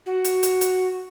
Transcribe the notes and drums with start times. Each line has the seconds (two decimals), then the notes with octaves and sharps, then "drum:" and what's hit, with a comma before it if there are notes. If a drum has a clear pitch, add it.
0.06 F#4
0.24 drum: hi-hat
0.43 drum: hi-hat
0.61 drum: hi-hat